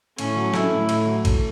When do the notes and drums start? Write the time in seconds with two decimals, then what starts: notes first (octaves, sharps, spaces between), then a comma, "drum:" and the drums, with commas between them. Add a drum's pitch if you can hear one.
0.18 A2 C#4, drum: cymbal
0.36 F#3
0.54 A3 E4, drum: snare
0.72 A2
0.89 A2, drum: cymbal
1.07 F#3
1.25 A3, drum: kick A1, cymbal